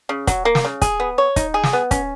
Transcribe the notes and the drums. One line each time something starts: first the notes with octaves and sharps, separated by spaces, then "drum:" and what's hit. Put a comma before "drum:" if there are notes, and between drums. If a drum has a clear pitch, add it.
C#3
F#3, drum: kick, hi-hat
A#3
drum: snare
C#3
G#4, drum: kick, hi-hat
B3
C#5
D#4, drum: kick, hi-hat
G#4
drum: snare
B3
C#4, drum: kick, hi-hat